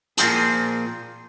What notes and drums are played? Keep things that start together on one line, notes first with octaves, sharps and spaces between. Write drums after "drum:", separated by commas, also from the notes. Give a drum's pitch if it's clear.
A#2 F3 C4 G#4, drum: hi-hat